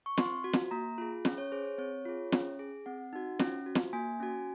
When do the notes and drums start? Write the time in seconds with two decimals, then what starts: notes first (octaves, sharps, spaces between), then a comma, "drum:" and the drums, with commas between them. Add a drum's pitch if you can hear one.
0.06 C#6
0.18 C4 C6, drum: snare
0.44 F#4
0.53 drum: snare
0.71 A#3 A#5
0.98 F4 G#4
1.25 C#4, drum: snare
1.38 C#5
1.52 G#4 C5
1.65 C#5
1.78 C4 C#5
2.05 F4 G#4
2.32 C#4, drum: snare
2.59 G#4
2.86 C4 F#5
3.13 D#4 F#4
3.39 C#4, drum: snare
3.66 F#4
3.75 drum: snare
3.93 A#3 G#5
4.20 C#4 F#4